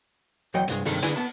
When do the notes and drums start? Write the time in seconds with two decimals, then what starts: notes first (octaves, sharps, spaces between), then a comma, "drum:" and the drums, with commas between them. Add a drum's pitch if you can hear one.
0.54 E2 F#3 D#5 F#5 G5
0.68 C2 G2 G#3, drum: hi-hat
0.85 G2 C3 D#3 G#3 A4, drum: open hi-hat
1.02 D3 E4 G#4 B4 G#5, drum: hi-hat
1.16 B3 A5